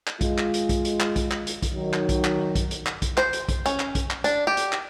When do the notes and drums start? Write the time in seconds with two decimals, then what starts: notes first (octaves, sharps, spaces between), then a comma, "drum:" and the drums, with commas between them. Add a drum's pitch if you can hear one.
0.07 drum: clap
0.21 G#3 F4, drum: kick, hi-hat
0.38 drum: clap
0.54 drum: hi-hat
0.69 drum: kick, hi-hat
0.85 drum: hi-hat
1.00 drum: clap
1.16 drum: kick, hi-hat
1.31 drum: clap
1.47 drum: hi-hat
1.62 drum: kick, hi-hat
1.73 D#3 F#3
1.93 drum: clap
2.09 drum: kick, hi-hat
2.24 drum: clap
2.55 drum: kick, hi-hat
2.71 drum: hi-hat
2.86 drum: clap
3.02 drum: kick, hi-hat
3.18 C5, drum: clap
3.33 drum: hi-hat
3.49 drum: kick, hi-hat
3.66 C#4, drum: hi-hat
3.80 drum: clap
3.95 drum: kick, hi-hat
4.11 drum: clap
4.24 D4, drum: hi-hat
4.47 G4
4.57 drum: hi-hat
4.73 drum: clap